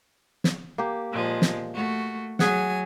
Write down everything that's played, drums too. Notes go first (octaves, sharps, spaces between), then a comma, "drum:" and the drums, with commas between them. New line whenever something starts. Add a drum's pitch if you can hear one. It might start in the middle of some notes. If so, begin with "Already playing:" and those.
drum: snare
A#3 G4
A#2 F3 G#3
drum: snare
A3 F#4
F#3 G#4 F#5 G#5, drum: snare